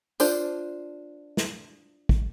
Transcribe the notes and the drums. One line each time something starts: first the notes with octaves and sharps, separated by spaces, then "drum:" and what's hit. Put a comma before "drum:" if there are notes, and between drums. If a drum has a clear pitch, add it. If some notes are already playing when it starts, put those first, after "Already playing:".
D4 F4 C5 D5, drum: tambourine
drum: snare
drum: kick